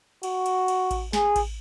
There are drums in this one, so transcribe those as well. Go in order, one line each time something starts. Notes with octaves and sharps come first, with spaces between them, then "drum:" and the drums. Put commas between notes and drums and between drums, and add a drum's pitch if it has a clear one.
F#4, drum: cymbal
drum: cymbal
drum: cymbal
drum: kick A1, cymbal
G#4, drum: snare
drum: kick A1, cymbal